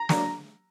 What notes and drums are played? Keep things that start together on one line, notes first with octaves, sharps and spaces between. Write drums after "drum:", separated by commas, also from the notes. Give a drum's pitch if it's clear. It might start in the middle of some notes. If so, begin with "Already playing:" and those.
Already playing: A#5
F#3 A#3 D4, drum: snare